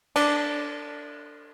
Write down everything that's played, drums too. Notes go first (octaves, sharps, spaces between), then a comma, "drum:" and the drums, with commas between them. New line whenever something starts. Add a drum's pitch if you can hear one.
D4, drum: cymbal